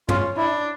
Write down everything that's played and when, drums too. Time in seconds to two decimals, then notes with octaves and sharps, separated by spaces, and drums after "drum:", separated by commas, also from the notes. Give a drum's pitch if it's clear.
0.09 C#4 F4, drum: tom
0.37 D4 E4